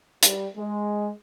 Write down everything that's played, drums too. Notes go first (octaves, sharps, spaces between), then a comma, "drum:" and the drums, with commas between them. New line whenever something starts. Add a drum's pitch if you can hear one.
G3, drum: hi-hat
G#3